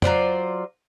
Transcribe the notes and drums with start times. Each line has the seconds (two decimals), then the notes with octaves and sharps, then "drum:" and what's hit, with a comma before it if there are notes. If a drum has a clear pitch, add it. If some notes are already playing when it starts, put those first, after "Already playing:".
0.02 F#3 F4 C5 D5, drum: tom